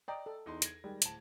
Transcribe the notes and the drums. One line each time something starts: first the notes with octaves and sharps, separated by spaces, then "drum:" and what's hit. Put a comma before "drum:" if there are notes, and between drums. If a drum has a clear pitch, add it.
D5 D#5 G5 A#5
A4
E2 D#4 C6
G#6 A#6, drum: hi-hat
D#3 G3 G#3
D1 A5, drum: hi-hat